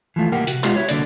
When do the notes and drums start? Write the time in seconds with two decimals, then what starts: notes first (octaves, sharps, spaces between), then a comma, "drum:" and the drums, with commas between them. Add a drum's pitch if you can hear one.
0.16 E3 F3 A3 F4
0.32 C2 A2 A#3 G4 A#4 F#5
0.47 C3 F#4, drum: hi-hat
0.64 G#3 B3 D#4 F4 G4, drum: clap
0.76 E4 F#4 C#5
0.88 C2 G2 D3 A#3 F#4 D5, drum: hi-hat